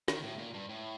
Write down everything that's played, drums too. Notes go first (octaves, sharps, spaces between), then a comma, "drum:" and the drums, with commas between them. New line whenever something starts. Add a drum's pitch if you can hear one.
D#3, drum: snare
A2
A#2
G2
A2